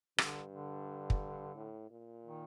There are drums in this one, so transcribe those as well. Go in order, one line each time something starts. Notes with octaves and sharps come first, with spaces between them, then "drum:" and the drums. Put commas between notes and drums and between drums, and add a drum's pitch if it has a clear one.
G2 D3, drum: rim click
D3
drum: kick
A2
A#2
D#3